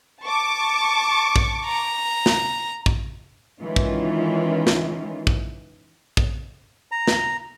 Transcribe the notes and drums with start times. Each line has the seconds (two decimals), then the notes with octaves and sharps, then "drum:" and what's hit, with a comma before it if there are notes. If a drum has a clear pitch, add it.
0.23 A5 C#6 D6
1.36 drum: kick
1.66 A#5
2.26 drum: snare
2.86 drum: kick
3.62 D#3 E3 G#3 C#4 F4
3.76 drum: kick
4.67 drum: snare
5.27 drum: kick
6.17 drum: kick
6.92 A#5
7.07 drum: snare